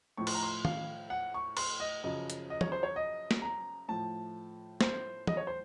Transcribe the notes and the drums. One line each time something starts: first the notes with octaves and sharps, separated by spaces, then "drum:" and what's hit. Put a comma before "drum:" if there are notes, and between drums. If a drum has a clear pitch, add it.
A2 F3 C#6
C6, drum: cymbal
A#5
C6
F5, drum: tom
F#5
C#6
C6, drum: cymbal
D#5
F#2 C#3 F3 D#5
drum: hi-hat
D#5
C#5, drum: tom
C5
C#5
D#5
drum: snare
A#5
A2 F3 A5
C5, drum: snare
D#5, drum: tom
C#5
C5